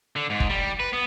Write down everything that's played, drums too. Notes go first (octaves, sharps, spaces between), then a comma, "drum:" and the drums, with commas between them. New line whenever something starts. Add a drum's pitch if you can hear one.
D3
G#2
drum: kick
G3
B4
B3